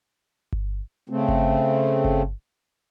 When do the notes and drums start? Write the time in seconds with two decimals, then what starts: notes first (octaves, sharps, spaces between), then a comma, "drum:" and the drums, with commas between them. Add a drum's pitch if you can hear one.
0.52 drum: kick G1
1.09 C#3 A3 C4
1.28 drum: kick G1
2.04 drum: kick G1